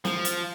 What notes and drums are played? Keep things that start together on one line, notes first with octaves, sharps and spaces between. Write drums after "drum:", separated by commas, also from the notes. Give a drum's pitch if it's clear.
F3, drum: snare
drum: hi-hat